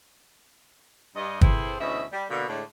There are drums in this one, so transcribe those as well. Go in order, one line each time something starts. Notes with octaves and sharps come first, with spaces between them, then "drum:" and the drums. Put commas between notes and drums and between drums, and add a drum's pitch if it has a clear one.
G2 D#5
C4 E4 G#4 A4 B4 C5, drum: kick
D2 B2 E3 C#4 D#5 E5
G3
B2 D3 A#3
A2 D3 G#3 A3 D4